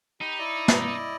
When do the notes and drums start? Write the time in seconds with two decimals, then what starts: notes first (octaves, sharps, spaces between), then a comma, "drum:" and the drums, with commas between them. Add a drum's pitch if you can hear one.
0.21 D#4 G4 B5
0.39 E4 D5 D#5
0.68 drum: snare